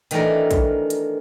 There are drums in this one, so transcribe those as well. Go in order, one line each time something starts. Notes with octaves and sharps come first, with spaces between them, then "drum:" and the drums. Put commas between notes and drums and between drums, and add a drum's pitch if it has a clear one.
D#3 E3 A3 D4 A4 A#4, drum: hi-hat
drum: kick, hi-hat
drum: hi-hat